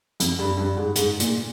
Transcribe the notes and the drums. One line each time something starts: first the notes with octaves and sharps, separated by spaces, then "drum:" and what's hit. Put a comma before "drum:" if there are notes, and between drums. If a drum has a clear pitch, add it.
F2, drum: hi-hat
G2
G2
G#2
G#2, drum: hi-hat
A#2, drum: hi-hat